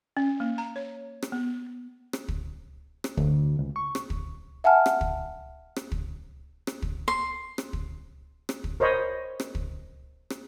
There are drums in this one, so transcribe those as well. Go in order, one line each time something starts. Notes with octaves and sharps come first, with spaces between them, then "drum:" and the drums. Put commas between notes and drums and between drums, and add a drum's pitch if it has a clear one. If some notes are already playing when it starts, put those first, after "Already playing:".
C#4
A#3
A#5
C#5
drum: rim click
B3
drum: rim click
drum: kick
drum: rim click
D2, drum: kick
C#2
C#6
drum: rim click
drum: kick
E5 F#5 G#5 A5 F6
drum: rim click
drum: kick
drum: rim click
drum: kick
drum: rim click
drum: kick
C6
drum: rim click
drum: kick
drum: rim click
drum: kick
A#4 C5 C#5 D#5 B5
drum: rim click
drum: kick
drum: rim click